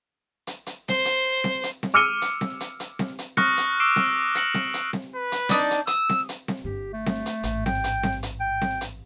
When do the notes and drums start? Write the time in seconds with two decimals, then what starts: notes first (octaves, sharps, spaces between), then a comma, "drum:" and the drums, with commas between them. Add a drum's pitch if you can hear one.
0.47 drum: hi-hat
0.66 drum: hi-hat
0.89 C5, drum: snare C4
1.05 drum: hi-hat
1.44 drum: snare C4
1.63 drum: hi-hat
1.83 drum: snare C4
1.94 D6 E6 F6 C#7 D#7 G7
2.22 drum: hi-hat
2.41 drum: snare C4
2.60 drum: hi-hat
2.80 drum: hi-hat
2.99 drum: snare C4
3.19 drum: hi-hat
3.37 C#6 D#6 F6 F#6 A#6 C#7, drum: snare C4
3.57 drum: hi-hat
3.80 C#6 D6 E6 C7 D7 E7
3.96 drum: snare C4
4.35 D6 A#6 C#7 F#7, drum: hi-hat
4.54 drum: snare C4
4.74 drum: hi-hat
4.93 drum: snare C4
5.15 B4
5.32 drum: hi-hat
5.49 D4 D#4 D5, drum: snare C4
5.71 drum: hi-hat
5.87 D#6 E6, drum: hi-hat
6.09 drum: snare C4
6.29 drum: hi-hat
6.48 drum: snare C4
6.64 G1 G2 G4
6.93 A3
7.06 drum: snare C4
7.26 drum: hi-hat
7.43 A1 G#2, drum: hi-hat
7.66 G5, drum: snare C4
7.84 drum: hi-hat
8.03 drum: snare C4
8.23 drum: hi-hat
8.40 G5
8.62 drum: snare C4
8.81 drum: hi-hat